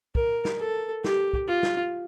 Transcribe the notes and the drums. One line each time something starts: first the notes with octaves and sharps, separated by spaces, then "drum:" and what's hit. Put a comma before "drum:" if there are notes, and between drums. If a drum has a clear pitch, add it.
A#4, drum: kick
drum: snare
A4
G4, drum: snare
drum: kick
F4
drum: snare